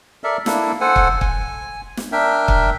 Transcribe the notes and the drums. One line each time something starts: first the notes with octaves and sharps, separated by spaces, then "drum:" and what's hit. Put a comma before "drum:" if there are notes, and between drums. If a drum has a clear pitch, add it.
A4 A#4 D5 E5
A#3 D4 E4 A4, drum: snare
A4 C5 F#5 G#5
drum: kick
G#5, drum: kick
drum: snare
D4 A#4 E5 G5
drum: kick